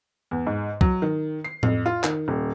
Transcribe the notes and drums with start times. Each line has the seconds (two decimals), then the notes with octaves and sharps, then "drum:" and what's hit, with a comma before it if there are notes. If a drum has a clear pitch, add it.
0.31 E2
0.47 G#2
0.81 F#3, drum: kick
1.02 D#3
1.44 C7
1.63 F2, drum: tom A2
1.86 F4
2.04 D#3, drum: clap
2.28 D#1